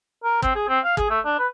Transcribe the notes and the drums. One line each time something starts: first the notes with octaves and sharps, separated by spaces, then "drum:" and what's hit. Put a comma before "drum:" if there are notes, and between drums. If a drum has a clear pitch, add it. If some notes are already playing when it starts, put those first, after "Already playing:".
A#4
C4, drum: kick
G#4
C4
F5
G#4, drum: kick
A3
D4
B4